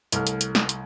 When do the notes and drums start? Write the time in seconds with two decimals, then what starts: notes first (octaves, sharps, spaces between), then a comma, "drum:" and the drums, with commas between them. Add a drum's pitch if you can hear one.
0.12 C2 A3 F6, drum: hi-hat
0.27 drum: hi-hat
0.41 drum: hi-hat
0.55 drum: snare
0.69 drum: hi-hat